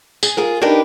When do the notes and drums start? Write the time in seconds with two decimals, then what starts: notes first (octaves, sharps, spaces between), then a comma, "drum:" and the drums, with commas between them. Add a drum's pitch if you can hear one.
0.23 G#4, drum: tambourine
0.37 F4 G#4 A#4
0.62 D4 D#4 G4 A#4 B4